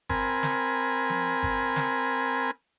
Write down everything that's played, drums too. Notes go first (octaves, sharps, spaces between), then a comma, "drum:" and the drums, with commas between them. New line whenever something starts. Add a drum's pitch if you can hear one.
C4 A#4 G#5 B5, drum: kick G1
drum: snare
drum: tom F3
drum: kick G1
drum: snare